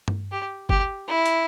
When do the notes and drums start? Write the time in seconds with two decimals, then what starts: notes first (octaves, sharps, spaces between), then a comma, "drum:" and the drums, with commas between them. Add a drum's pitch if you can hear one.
0.08 drum: tom G2
0.32 G4
0.69 G4, drum: kick
1.08 E4
1.26 drum: hi-hat